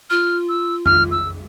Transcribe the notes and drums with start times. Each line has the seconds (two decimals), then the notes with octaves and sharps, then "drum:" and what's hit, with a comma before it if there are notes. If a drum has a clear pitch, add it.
0.10 F4 F6
0.49 E6
0.86 F6, drum: tom F2
1.11 E6